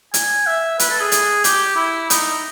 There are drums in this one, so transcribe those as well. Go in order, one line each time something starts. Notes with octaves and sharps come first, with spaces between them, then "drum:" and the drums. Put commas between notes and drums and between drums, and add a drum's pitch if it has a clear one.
G#5, drum: hi-hat
E5
B4, drum: hi-hat
A4
G#4
drum: hi-hat
G4, drum: hi-hat
E4
D#4, drum: hi-hat